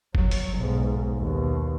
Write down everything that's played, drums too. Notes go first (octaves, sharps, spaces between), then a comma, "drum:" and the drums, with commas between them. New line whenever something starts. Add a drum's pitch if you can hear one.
F#3, drum: kick F#1
drum: open hi-hat
B1 G#2
D#2 B2